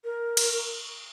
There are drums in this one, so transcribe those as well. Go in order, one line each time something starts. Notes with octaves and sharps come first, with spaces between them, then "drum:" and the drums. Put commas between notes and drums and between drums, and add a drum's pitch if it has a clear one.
A#4
drum: cymbal